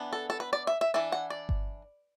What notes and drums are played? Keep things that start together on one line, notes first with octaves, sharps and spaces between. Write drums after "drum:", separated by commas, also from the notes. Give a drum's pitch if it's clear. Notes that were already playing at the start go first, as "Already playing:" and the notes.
Already playing: E3 B3 D4
A4
A4
B4
D5
E5
E5
E3 D4 E5
F#5
D5
drum: kick G1